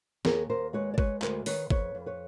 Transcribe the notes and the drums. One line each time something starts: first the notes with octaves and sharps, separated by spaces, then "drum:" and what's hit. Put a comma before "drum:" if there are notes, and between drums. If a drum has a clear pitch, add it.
D#2 G#4 A#4, drum: snare
D#2 A#4 C5
G#3 B4 C#5
D5
G#3 B4 C#5, drum: kick
D2 A#4 C5, drum: clap
D#3 B4 C#5, drum: open hi-hat
F2 B4 C#5, drum: kick
F2
B4 C#5